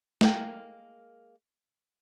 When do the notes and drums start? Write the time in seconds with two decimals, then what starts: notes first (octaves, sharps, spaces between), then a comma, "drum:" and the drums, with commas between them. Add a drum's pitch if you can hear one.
0.21 G#3 A#3 A#4 G5, drum: snare